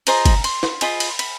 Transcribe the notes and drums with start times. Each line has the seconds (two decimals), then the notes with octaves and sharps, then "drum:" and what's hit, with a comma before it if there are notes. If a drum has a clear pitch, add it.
0.07 F4 G#4 C5 D#5 A#5, drum: cymbal
0.25 drum: kick, cymbal
0.44 C6, drum: cymbal
0.63 drum: snare
0.81 F4 G#4 C5 D#5 B5, drum: cymbal
1.00 drum: cymbal
1.19 B5, drum: cymbal